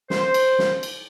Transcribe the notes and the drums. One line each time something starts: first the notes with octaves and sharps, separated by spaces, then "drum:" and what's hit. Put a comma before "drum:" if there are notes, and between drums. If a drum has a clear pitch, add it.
C5, drum: snare
drum: cymbal
drum: snare
drum: cymbal